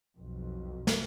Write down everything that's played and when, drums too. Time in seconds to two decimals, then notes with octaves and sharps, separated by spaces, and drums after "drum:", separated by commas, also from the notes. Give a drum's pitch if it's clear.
0.18 B1 F2
0.87 drum: snare